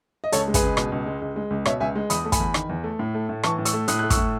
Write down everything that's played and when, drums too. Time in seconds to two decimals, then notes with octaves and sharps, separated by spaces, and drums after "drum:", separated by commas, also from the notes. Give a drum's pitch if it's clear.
0.24 D#5
0.32 C#2 A4 C#5, drum: hi-hat
0.48 G#3
0.54 G#4 B4, drum: kick, hi-hat
0.62 C#2
0.77 B2, drum: rim click
0.92 C#2
1.06 G#3
1.22 C#2
1.36 G#3
1.50 C#2
1.65 B2 C#5 E5, drum: rim click
1.80 C#2 E5 G#5
1.95 G#3
2.10 E2 B5 D#6, drum: hi-hat
2.25 A3
2.32 G#5 B5, drum: kick, hi-hat
2.40 E2
2.54 D#3, drum: rim click
2.69 E2
2.84 A3
2.99 A2
3.15 A3
3.29 A2
3.43 E3 A5 C#6, drum: rim click
3.58 A2
3.65 C#6 E6, drum: hi-hat
3.73 A3
3.88 A2 D#6 F#6, drum: hi-hat
3.99 A3 F#6
4.10 C#6 E6, drum: kick, hi-hat
4.17 A2